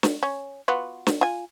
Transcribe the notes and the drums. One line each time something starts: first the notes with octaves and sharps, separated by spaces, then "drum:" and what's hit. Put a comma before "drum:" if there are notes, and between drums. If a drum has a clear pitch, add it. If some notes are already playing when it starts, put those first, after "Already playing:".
drum: snare
C#4
B3 F4 F#4
drum: snare
F4 G#5